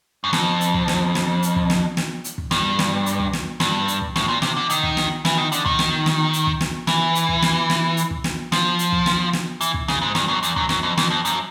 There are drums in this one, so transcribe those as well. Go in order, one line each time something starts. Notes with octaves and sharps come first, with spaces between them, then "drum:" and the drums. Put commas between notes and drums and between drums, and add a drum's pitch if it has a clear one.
F#2
F2, drum: snare
drum: hi-hat
drum: kick
drum: snare
drum: snare
drum: hi-hat
drum: kick
drum: snare
drum: snare
drum: hi-hat
drum: kick
G2, drum: snare
drum: snare
drum: hi-hat
drum: kick
drum: snare
G2, drum: snare
drum: hi-hat
drum: kick
A2, drum: snare
A#2
C3, drum: snare
D3
D#3, drum: hi-hat
drum: kick
drum: snare
E3, drum: snare
D#3
D3, drum: hi-hat
D#3, drum: kick
drum: snare
drum: snare
drum: hi-hat
drum: kick
drum: snare
E3, drum: snare
drum: hi-hat
drum: kick
drum: snare
drum: snare
drum: hi-hat
drum: kick
drum: snare
F3, drum: snare
drum: hi-hat
drum: kick
drum: snare
drum: snare
E3, drum: hi-hat
drum: kick
C#3, drum: snare
G#2
G2, drum: snare
F#2
E2, drum: hi-hat
F#2, drum: kick
F#2, drum: snare
F2
F2, drum: snare
F2
F#2, drum: hi-hat